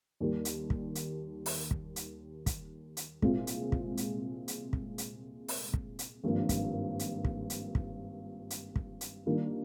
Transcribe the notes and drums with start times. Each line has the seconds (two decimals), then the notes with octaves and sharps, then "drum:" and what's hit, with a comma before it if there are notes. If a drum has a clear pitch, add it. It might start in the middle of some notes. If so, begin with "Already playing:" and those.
0.20 D#2 D#3 G3
0.45 drum: hi-hat
0.70 drum: kick
0.95 drum: hi-hat
1.46 drum: open hi-hat
1.71 drum: kick
1.96 drum: hi-hat
2.46 drum: kick, hi-hat
2.97 drum: hi-hat
3.22 C2 A#2 G#3 C4 F4, drum: kick
3.47 drum: hi-hat
3.72 drum: kick
3.97 drum: hi-hat
4.48 drum: hi-hat
4.73 drum: kick
4.98 drum: hi-hat
5.48 drum: open hi-hat
5.74 drum: kick
5.99 drum: hi-hat
6.24 G#1 G2 F3 A#3
6.49 drum: kick, hi-hat
6.99 drum: hi-hat
7.25 drum: kick
7.50 drum: hi-hat
7.75 drum: kick
8.50 drum: hi-hat
8.76 drum: kick
9.01 drum: hi-hat
9.26 D#3 G3 A#3 D4 F4